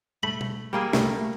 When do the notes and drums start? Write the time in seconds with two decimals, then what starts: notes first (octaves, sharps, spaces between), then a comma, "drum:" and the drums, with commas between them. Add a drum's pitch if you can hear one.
0.23 A3 B5
0.41 drum: tom B2
0.73 G3 A#3 G#4
0.93 C2 A3, drum: snare